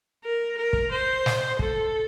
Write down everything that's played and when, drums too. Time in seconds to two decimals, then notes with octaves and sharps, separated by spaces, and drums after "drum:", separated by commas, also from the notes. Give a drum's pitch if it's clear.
0.25 A#4
0.58 A#4
0.73 drum: kick
0.92 C5
1.26 drum: snare
1.59 A4, drum: kick